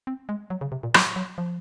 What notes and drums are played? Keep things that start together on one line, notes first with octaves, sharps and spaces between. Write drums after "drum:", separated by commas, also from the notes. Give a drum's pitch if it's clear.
C4
G#3
F#3
C#3
C3
A#2
F#3, drum: rim click
F#3
F3